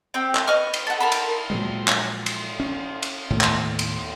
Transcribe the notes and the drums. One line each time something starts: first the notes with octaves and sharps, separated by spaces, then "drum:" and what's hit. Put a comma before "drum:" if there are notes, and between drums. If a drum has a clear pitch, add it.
C4 G4
drum: clap
B4 D#5 C#6 F6
drum: cymbal
A4 F#5
A#4 A5 B5
drum: cymbal
A#2 F3 F#3 G#3
drum: clap
drum: cymbal
C#4
drum: cymbal
D#2 A2 A3 B3
drum: clap
drum: cymbal